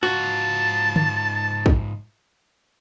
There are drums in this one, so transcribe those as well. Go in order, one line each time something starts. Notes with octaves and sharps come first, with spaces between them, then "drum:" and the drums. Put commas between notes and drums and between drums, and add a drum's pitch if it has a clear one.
G#2 F4 F#4 A5
drum: tom D3
drum: kick